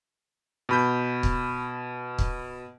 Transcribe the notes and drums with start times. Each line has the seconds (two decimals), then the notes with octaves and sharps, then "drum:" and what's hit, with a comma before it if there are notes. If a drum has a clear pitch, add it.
0.69 B2 B5 G6
1.23 drum: kick
2.19 drum: kick